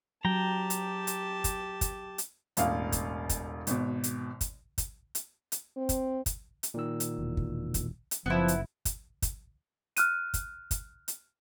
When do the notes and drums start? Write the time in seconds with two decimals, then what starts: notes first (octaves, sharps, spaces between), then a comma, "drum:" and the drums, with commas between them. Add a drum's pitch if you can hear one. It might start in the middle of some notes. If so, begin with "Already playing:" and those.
0.25 F#3 G4 G5 A5 A#5
0.70 drum: hi-hat
1.07 drum: hi-hat
1.44 drum: kick, hi-hat
1.81 drum: kick, hi-hat
2.18 drum: hi-hat
2.57 E1 A1 F5, drum: hi-hat
2.92 drum: kick, hi-hat
3.29 drum: kick, hi-hat
3.67 G#1 B2, drum: hi-hat
4.04 drum: hi-hat
4.41 drum: kick, hi-hat
4.78 drum: kick, hi-hat
5.15 drum: hi-hat
5.52 drum: hi-hat
5.77 C4
5.89 drum: kick, hi-hat
6.26 drum: kick, hi-hat
6.63 drum: hi-hat
6.74 A#2 D#3 E6
7.00 drum: hi-hat
7.18 E1
7.37 drum: kick
7.74 drum: kick, hi-hat
8.11 drum: hi-hat
8.26 F#1 F3 B3 C4 E4
8.48 drum: hi-hat
8.85 drum: kick, hi-hat
9.22 drum: kick, hi-hat
9.97 F6 F#6 D#7, drum: hi-hat
10.34 drum: kick, hi-hat
10.71 drum: kick, hi-hat
11.08 drum: hi-hat